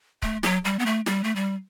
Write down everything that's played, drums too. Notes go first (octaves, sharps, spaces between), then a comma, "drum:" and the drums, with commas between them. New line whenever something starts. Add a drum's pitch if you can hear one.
A3, drum: kick C#1
F#3, drum: snare
G3
B3
A3
G3, drum: snare
A3
G3